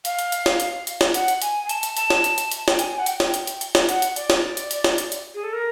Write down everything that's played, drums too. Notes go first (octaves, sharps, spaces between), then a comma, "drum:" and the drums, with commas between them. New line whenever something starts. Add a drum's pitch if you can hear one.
F5, drum: hi-hat
drum: hi-hat
drum: hi-hat
drum: snare
drum: hi-hat
drum: hi-hat
drum: snare
F#5, drum: hi-hat
drum: hi-hat
G#5, drum: hi-hat
G#5
A5, drum: hi-hat
drum: hi-hat
A5, drum: hi-hat
drum: snare
drum: hi-hat
drum: hi-hat
drum: hi-hat
G5, drum: snare
G#5, drum: hi-hat
F#5
G5, drum: hi-hat
drum: snare
drum: hi-hat
drum: hi-hat
drum: hi-hat
drum: snare
F#5, drum: hi-hat
drum: hi-hat
D5, drum: hi-hat
drum: snare
drum: hi-hat
drum: hi-hat
drum: snare
drum: hi-hat
drum: hi-hat
G#4
A4
A#4